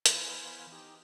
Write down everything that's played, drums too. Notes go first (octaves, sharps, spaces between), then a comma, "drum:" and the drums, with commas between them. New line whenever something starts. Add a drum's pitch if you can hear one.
E3 B3 C5 F5 G#5 B5, drum: hi-hat
D#4 G4